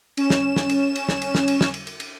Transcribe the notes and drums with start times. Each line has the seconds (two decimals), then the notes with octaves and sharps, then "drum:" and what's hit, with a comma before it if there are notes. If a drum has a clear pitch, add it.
0.17 C#4 E7, drum: cymbal
0.30 drum: snare
0.56 drum: snare
0.69 drum: cymbal
0.96 drum: cymbal
1.09 drum: snare
1.22 drum: cymbal
1.35 drum: snare
1.48 drum: cymbal
1.61 drum: snare
1.74 drum: cymbal
1.87 drum: cymbal
2.00 drum: cymbal